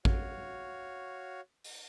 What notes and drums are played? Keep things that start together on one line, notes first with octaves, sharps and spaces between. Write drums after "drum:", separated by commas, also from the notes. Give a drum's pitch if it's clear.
F#4 C#5 F5, drum: kick A1
drum: open hi-hat